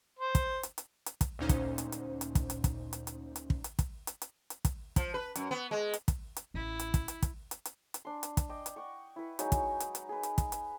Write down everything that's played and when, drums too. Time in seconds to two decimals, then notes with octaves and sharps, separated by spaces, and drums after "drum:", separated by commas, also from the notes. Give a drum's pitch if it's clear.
0.19 C5
0.35 drum: kick, hi-hat
0.63 drum: hi-hat
0.78 drum: hi-hat
1.06 drum: hi-hat
1.21 drum: kick, hi-hat
1.39 D2 A#2 C#4 D#4 C5
1.49 drum: kick, hi-hat
1.78 drum: hi-hat
1.92 drum: hi-hat
2.21 drum: hi-hat
2.35 drum: kick, hi-hat
2.50 drum: hi-hat
2.64 drum: kick, hi-hat
2.93 drum: hi-hat
3.07 drum: hi-hat
3.36 drum: hi-hat
3.50 drum: kick
3.64 drum: hi-hat
3.79 drum: kick, hi-hat
4.07 drum: hi-hat
4.22 drum: hi-hat
4.50 drum: hi-hat
4.65 drum: kick, hi-hat
4.96 F3, drum: kick, hi-hat
5.14 B4
5.36 F#2, drum: hi-hat
5.51 B3
5.71 G#3
5.94 drum: hi-hat
6.08 drum: kick, hi-hat
6.37 drum: hi-hat
6.54 A1 E4
6.79 drum: hi-hat
6.94 drum: kick, hi-hat
7.08 drum: hi-hat
7.22 drum: kick, hi-hat
7.51 drum: hi-hat
7.65 drum: hi-hat
7.94 drum: hi-hat
8.05 D4 C6
8.23 drum: hi-hat
8.37 drum: kick, hi-hat
8.49 D5 D#5 G5
8.66 drum: hi-hat
8.76 F#5 G5 C#6
9.16 E4 B4
9.39 F#3 G#3 D#4 G#5, drum: hi-hat
9.52 drum: kick, hi-hat
9.80 drum: hi-hat
9.95 drum: hi-hat
10.09 G#4 A#4 B4
10.23 drum: hi-hat
10.38 drum: kick, hi-hat
10.52 drum: hi-hat